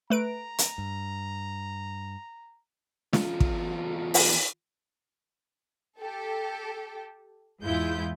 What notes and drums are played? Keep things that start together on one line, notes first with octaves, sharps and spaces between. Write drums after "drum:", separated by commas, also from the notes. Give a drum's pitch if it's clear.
A3 B4 A#5 D7
drum: hi-hat
G2
E2 F4, drum: snare
drum: kick
drum: open hi-hat
G4 A4
E2 G#2 G#3 E4 F4 G6